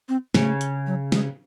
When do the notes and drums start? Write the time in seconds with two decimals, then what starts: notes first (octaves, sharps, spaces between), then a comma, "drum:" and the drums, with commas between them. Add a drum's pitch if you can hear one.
0.09 C4
0.34 C#3 A3, drum: snare
0.61 drum: hi-hat
0.87 F#3
1.12 G#3, drum: snare